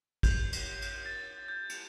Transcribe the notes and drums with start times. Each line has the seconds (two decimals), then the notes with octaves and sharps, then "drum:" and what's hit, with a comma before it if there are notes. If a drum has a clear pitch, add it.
0.23 G6, drum: kick, cymbal
0.52 drum: cymbal
0.82 drum: cymbal
1.06 A6
1.48 G6
1.69 drum: cymbal